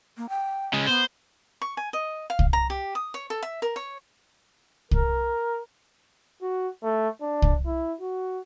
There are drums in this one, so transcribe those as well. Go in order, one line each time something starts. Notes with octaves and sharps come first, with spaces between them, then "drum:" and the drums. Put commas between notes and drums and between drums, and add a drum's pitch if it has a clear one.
A#3
G5
C#3 G#3
B3 C5
C#6
G#5
D#5
F5
drum: kick C2
A#5
G4
D#6
C#5
A4
E5
A#4
C#5
A#4, drum: kick C2
F#4
A3
D4
drum: kick C2
E4
F#4